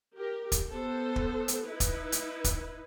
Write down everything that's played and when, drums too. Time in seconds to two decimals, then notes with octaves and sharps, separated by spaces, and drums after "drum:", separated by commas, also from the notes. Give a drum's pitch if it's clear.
0.16 G4 A#4
0.52 drum: kick, hi-hat
0.69 B3 A4 C5
1.16 drum: kick
1.48 drum: hi-hat
1.64 D#4 E4 B4
1.80 drum: kick, hi-hat
2.12 drum: hi-hat
2.44 drum: kick, hi-hat